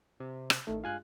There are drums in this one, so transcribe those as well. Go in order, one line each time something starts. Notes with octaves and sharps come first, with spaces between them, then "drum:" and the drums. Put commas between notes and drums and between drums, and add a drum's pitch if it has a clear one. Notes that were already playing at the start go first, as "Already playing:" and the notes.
C3
drum: rim click
A1 D#3 A3
G2 G#3 F4 F5 G#5 F#6